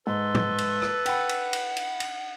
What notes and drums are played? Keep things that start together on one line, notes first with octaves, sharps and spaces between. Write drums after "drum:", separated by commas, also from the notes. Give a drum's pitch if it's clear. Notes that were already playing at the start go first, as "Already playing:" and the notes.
G#2 A4 B4 C6
drum: tom
drum: cymbal
drum: rim click
F#5 G5 B5, drum: cymbal
drum: cymbal
drum: cymbal
drum: cymbal
drum: cymbal